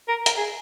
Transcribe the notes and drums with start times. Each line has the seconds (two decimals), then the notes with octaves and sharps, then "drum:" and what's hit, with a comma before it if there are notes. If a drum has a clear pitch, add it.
0.09 A#4
0.26 A#4, drum: hi-hat
0.37 G#4